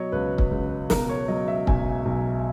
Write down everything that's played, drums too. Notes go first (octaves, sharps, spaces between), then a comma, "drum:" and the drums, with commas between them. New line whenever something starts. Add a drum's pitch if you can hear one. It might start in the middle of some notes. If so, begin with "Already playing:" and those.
Already playing: B2 F#3 C#5 D#5
C#2 B4
drum: kick C#1
C#2
B2 A#4, drum: snare
C#5
F#3 D#5
E5
B1 G#5, drum: kick C#1
B1